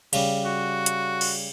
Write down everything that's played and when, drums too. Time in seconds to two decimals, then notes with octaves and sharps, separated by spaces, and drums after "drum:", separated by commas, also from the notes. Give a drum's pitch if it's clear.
0.13 C#3 G3, drum: cymbal
0.45 F#4
0.86 drum: hi-hat
1.21 drum: cymbal